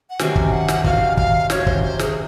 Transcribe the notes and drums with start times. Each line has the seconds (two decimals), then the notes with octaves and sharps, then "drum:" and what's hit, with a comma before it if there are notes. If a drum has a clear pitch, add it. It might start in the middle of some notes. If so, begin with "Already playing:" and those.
0.10 F#5
0.19 C3 D#3 F#3 C#4 G#5, drum: snare
0.36 drum: kick
0.52 F#5
0.68 drum: snare
0.84 C3 D#3 F#3 C#4 F5, drum: kick
1.17 F5, drum: kick
1.50 C3 D#3 F#3 C#4 C#5, drum: snare
1.67 C5, drum: kick
1.84 C5
1.99 G#4, drum: snare